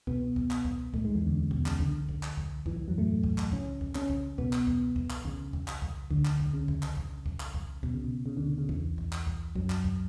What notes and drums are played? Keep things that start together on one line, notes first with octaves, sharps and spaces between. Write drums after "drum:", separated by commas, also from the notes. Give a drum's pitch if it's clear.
B2 B3, drum: kick C2
drum: kick C2
drum: clap
drum: kick C2
A2 A3, drum: kick C2
G#2 G#3
E2 E3
D2 D3
C#3
B2, drum: kick C2
C#3, drum: clap
D2 D3, drum: kick C2
drum: kick C2
drum: clap
drum: kick C2
E2 E3, drum: kick C2
E2 E3
F#2 F#3
A2 A3
drum: kick C2
drum: clap
C#3 C#4, drum: kick C2
drum: kick C2
C#3 C#4, drum: clap
drum: kick C2
B2 B3, drum: kick C2
drum: clap
drum: kick C2
drum: kick C2
drum: clap
C#3, drum: kick C2
drum: kick C2
drum: clap
drum: kick C2
D2 D3, drum: kick C2
drum: clap
drum: kick C2
C#3
drum: kick C2
drum: clap
drum: kick C2
drum: kick C2
drum: clap
drum: kick C2
B2, drum: kick C2
C#3
B2
C#3
D2 D3
B2
C#3
E2 E3, drum: kick C2
drum: kick C2
drum: clap
drum: kick C2
F#2 F#3, drum: kick C2
drum: clap
drum: kick C2